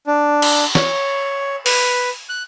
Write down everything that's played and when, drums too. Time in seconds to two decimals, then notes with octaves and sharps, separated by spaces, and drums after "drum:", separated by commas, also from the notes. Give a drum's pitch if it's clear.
0.07 D4
0.42 drum: cymbal
0.75 C#5, drum: snare
1.66 B4, drum: open hi-hat
2.29 F#6